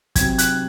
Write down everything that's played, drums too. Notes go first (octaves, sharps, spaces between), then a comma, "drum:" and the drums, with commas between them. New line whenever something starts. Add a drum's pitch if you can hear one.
C3 F#3 G#6, drum: kick, hi-hat
F#6, drum: hi-hat